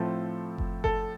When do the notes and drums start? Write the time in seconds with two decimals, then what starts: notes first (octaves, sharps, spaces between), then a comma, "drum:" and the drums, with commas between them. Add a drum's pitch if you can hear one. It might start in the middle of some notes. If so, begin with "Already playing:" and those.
Already playing: A2 F3 A3 C4 A4
0.58 drum: kick F#1
0.84 A4, drum: kick F#1